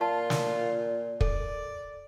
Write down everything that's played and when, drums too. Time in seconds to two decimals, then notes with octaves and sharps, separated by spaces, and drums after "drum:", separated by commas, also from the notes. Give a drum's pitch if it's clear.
0.01 A#2 F4 A5 C6
0.30 drum: snare
1.21 A4 D5, drum: kick